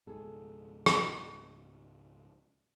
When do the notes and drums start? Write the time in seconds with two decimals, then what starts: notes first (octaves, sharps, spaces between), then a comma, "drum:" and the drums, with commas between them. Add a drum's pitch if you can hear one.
0.07 C#2 G#2 B2 G#4 A4
0.86 drum: rim click